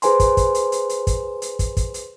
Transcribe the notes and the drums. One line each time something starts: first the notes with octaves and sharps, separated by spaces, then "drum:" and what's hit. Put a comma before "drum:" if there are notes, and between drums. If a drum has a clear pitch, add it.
G#4 B4 C5 G#5 A#5 C6, drum: hi-hat
drum: kick, hi-hat
drum: kick, hi-hat
drum: hi-hat
drum: hi-hat
drum: hi-hat
drum: kick, hi-hat
drum: hi-hat
drum: kick, hi-hat
drum: kick, hi-hat
drum: hi-hat